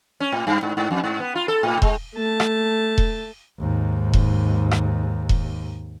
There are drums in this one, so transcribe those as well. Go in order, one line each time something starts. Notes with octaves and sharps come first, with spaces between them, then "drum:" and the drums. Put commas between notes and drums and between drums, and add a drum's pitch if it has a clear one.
C#4
A2
G2
G#2
G#2
F2
G#2
B3
F4
A4
A2
G#3, drum: kick E1
A3 A5
drum: rim click
drum: kick E1
D#2 G#2
drum: kick E1
drum: rim click
drum: kick E1